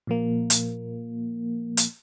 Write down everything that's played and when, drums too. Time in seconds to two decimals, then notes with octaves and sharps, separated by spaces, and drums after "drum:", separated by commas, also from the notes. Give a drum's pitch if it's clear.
0.07 A#2 F3 A#3
0.50 drum: hi-hat
1.77 drum: hi-hat